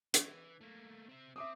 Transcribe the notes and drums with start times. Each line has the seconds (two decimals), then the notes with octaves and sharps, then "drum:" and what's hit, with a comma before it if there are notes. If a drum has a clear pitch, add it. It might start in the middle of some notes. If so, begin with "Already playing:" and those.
0.14 E3, drum: hi-hat
0.61 A3 A#3
1.09 C4 E5
1.36 C4 E5 D6 D#6